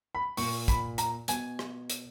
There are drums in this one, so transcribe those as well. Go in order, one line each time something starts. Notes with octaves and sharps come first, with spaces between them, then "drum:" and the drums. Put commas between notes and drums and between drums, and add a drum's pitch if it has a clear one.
B5
A#2 C#6, drum: open hi-hat
B5, drum: kick, hi-hat
A#5, drum: hi-hat
B2 G#5, drum: hi-hat
drum: rim click
drum: hi-hat